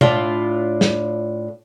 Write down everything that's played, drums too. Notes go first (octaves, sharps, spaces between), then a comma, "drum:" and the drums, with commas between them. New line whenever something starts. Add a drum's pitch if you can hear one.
A2 D4 F4 A5, drum: tom B2
drum: snare